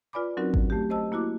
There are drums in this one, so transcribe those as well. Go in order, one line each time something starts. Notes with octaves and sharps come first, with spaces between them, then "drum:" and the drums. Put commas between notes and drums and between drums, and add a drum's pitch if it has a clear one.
F4 B4 D5 G#5 B5 D6
F#3 C4 C#4 D#4 F#4 A#4
drum: kick G#1
A3 G4
C5 D#5 A5 E6
A#3 E4 F#4 D6